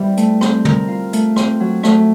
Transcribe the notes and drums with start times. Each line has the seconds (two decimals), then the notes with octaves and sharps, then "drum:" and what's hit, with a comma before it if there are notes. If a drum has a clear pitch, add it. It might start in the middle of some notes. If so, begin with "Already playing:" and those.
Already playing: E3 G3 C4 E4
0.17 A3, drum: hi-hat
0.41 C4, drum: rim click
0.65 A#4, drum: tom
0.88 F4
1.13 A3, drum: hi-hat
1.36 C4, drum: rim click
1.60 F#3
1.83 A3, drum: rim click